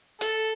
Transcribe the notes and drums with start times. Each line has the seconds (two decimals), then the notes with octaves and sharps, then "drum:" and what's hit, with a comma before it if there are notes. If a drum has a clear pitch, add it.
0.21 A4, drum: hi-hat